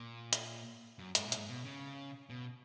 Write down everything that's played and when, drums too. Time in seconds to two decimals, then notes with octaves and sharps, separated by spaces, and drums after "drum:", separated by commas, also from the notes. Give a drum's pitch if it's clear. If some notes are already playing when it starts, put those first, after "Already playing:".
Already playing: A#2
0.33 drum: hi-hat
0.99 F#2
1.15 G#2, drum: hi-hat
1.25 A#2
1.32 G#2, drum: hi-hat
1.49 B2
1.64 C#3
2.30 B2